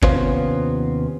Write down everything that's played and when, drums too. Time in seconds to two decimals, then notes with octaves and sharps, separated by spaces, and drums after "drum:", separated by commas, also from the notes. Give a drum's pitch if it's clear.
0.02 D#2 C3 B3 C#4 F4 C5, drum: kick